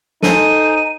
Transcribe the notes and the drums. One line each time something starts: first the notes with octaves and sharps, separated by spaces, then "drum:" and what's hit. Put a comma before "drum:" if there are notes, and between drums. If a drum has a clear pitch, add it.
D#4 A4 C5 G#5 D#7, drum: snare